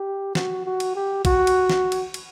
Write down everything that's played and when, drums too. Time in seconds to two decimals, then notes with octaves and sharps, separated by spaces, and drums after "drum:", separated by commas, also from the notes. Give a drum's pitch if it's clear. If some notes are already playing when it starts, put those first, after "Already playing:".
Already playing: G4
0.35 F#4, drum: snare
0.66 F#4
0.80 drum: cymbal
0.95 G4
1.25 F#4, drum: kick, cymbal
1.47 drum: cymbal
1.70 drum: snare
1.92 drum: cymbal
2.14 drum: cymbal